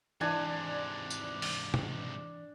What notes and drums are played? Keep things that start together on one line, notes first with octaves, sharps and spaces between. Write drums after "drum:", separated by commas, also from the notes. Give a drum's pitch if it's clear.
G#2 C3 E3 D4 D5 G#5
drum: tambourine
drum: open hi-hat
drum: tom